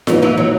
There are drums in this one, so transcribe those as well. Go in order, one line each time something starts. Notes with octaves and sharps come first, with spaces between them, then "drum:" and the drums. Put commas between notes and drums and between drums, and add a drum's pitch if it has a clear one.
G#2 E3 F3 A#3 D#4 G4, drum: snare F4
E3
F#3